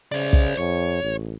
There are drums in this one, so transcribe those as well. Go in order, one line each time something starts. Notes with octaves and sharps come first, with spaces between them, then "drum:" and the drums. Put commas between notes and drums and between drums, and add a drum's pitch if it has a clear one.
C#3 C5 D5
drum: kick
F2 C#5
A1